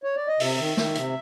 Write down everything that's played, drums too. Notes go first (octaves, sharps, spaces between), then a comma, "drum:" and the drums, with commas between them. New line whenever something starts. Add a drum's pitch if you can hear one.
C#5
D5
D#5
C3 E5, drum: open hi-hat
D#3
D#3, drum: snare
C3, drum: hi-hat